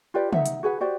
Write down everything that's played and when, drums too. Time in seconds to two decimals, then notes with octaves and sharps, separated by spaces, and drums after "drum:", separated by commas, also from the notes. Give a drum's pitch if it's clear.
0.14 F4 G4 B4 D5
0.33 D#4 E5 F#5, drum: tom
0.46 drum: hi-hat
0.63 F#4 G#4 B4 F#5
0.81 F#4 G4 C5 D5